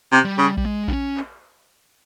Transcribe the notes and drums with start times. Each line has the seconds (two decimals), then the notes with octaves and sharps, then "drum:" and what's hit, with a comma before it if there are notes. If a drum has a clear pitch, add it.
0.12 C3
0.25 G3
0.38 C#3
0.57 G3, drum: kick A#1
0.66 G#3
0.88 D4, drum: kick A#1
0.93 C#4
1.17 drum: clap